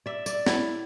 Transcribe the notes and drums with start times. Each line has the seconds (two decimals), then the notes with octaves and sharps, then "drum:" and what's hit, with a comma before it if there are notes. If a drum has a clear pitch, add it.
0.06 D5 E5
0.26 D5, drum: tambourine
0.46 E4, drum: snare